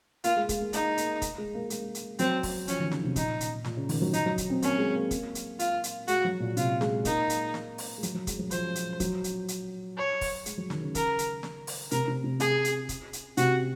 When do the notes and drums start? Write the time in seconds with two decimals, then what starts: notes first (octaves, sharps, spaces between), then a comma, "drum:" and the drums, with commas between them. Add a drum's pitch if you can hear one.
0.24 A#3 F4, drum: hi-hat
0.36 G#3
0.49 G#3, drum: kick, hi-hat
0.61 A#3
0.73 G#3 D#4, drum: hi-hat
0.97 A#3, drum: hi-hat
1.22 A#3, drum: kick, hi-hat
1.38 G#3
1.54 A#3
1.70 G#3, drum: hi-hat
1.95 drum: hi-hat
2.19 F#3 C4, drum: hi-hat
2.43 drum: kick, open hi-hat
2.68 F3 C#4, drum: hi-hat
2.79 D#3
2.91 C#3, drum: snare
3.04 C3
3.16 A#2 D#4, drum: kick, hi-hat
3.41 drum: hi-hat
3.64 A#2, drum: snare
3.77 C#3
3.89 D#3, drum: open hi-hat
4.02 F#3
4.13 F#3 D#4, drum: hi-hat
4.26 F#3
4.38 drum: kick, hi-hat
4.50 C4
4.62 A#3 C#4, drum: hi-hat
4.78 G#3
4.95 A#3
5.11 drum: kick, hi-hat
5.35 drum: hi-hat
5.59 F4, drum: hi-hat
5.84 drum: hi-hat
6.08 G#3 F#4, drum: hi-hat
6.25 F#3
6.40 A#2
6.57 C3 F4, drum: hi-hat
6.81 G#3, drum: snare
7.05 A#3 D#4, drum: kick, hi-hat
7.30 drum: hi-hat
7.54 drum: snare
7.78 drum: open hi-hat
7.98 G#3
8.03 F#3, drum: hi-hat
8.14 F#3
8.27 G#3, drum: kick, hi-hat
8.39 F#3
8.51 F3 C5, drum: hi-hat
8.75 drum: hi-hat
9.00 F#3, drum: kick, hi-hat
9.24 drum: hi-hat
9.48 drum: hi-hat
9.97 C#5
10.21 drum: kick, open hi-hat
10.46 G#3, drum: hi-hat
10.58 F#3
10.70 D#3, drum: snare
10.82 C#3
10.95 A#4, drum: kick, hi-hat
11.19 drum: hi-hat
11.43 drum: snare
11.67 drum: open hi-hat
11.91 C3 A#4, drum: hi-hat
12.08 C3
12.24 C3
12.40 C3 G#4, drum: hi-hat
12.64 drum: hi-hat
12.89 drum: kick, hi-hat
13.13 drum: hi-hat
13.37 C3 F#4, drum: hi-hat